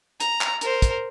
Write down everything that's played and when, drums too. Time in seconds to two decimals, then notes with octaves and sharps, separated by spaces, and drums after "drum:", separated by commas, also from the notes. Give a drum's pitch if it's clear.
0.20 A#5, drum: hi-hat
0.41 drum: clap
0.61 A#4 C5, drum: hi-hat
0.82 drum: kick, hi-hat